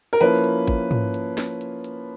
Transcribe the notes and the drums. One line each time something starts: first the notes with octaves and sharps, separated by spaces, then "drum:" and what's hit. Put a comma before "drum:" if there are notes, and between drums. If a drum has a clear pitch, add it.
A#4
F3 A#3 C#4 E4 B4, drum: hi-hat
drum: hi-hat
drum: kick G#1, hi-hat
drum: tom G#2
drum: hi-hat
drum: snare
drum: hi-hat
drum: hi-hat